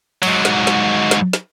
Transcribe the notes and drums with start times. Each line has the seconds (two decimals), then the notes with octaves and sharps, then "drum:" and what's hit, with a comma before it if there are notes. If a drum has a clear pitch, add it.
0.23 G#2 F#3, drum: cymbal
0.45 drum: snare
0.67 drum: snare
1.11 drum: snare
1.33 drum: snare